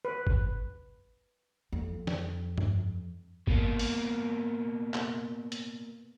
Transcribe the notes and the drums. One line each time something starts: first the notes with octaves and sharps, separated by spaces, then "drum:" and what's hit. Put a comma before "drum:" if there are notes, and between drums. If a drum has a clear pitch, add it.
B4
drum: kick G1
F2
drum: snare
drum: tom G2
B2 A#3, drum: kick G1
drum: open hi-hat
drum: clap
drum: hi-hat